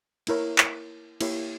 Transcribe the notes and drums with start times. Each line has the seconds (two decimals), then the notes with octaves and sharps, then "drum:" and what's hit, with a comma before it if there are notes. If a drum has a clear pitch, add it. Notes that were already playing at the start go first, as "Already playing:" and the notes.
0.27 A#3 E4 A#4 C#5, drum: cymbal
0.58 drum: clap
1.21 A#3 E4 G4 C#5, drum: cymbal